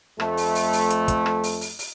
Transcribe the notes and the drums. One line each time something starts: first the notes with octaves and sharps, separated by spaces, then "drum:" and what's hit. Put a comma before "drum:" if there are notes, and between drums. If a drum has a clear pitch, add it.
F2 A3, drum: rim click
drum: open hi-hat
drum: open hi-hat
drum: open hi-hat
drum: hi-hat
drum: kick, hi-hat
drum: rim click
drum: open hi-hat
drum: open hi-hat
drum: open hi-hat